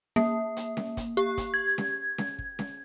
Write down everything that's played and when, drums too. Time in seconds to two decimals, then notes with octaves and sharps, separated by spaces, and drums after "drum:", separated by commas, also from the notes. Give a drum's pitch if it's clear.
0.16 A#3, drum: snare C#4
0.57 drum: hi-hat
0.77 drum: snare C#4
0.97 drum: kick, hi-hat
1.17 G4
1.37 drum: kick, hi-hat
1.54 G#6
1.78 drum: snare C#4
2.18 drum: snare C#4
2.39 drum: kick
2.59 drum: snare C#4